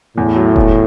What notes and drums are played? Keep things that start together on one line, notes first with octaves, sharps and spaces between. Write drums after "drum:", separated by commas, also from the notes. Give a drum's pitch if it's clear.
E2 A2
F#3
E2, drum: kick E1